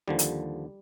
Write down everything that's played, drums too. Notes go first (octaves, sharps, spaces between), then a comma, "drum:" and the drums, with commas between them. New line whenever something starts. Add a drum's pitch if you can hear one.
D#2 D3 F3 G3
drum: hi-hat